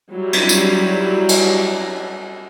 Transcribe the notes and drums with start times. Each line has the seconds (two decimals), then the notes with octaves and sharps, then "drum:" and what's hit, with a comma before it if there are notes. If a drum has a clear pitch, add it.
0.12 F#3 G3 E4
0.33 drum: cymbal
0.49 drum: tambourine
1.29 drum: cymbal